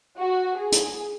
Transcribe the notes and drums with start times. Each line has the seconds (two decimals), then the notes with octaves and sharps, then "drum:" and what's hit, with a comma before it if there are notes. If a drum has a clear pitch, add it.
0.18 F#4
0.58 G#4
0.72 drum: hi-hat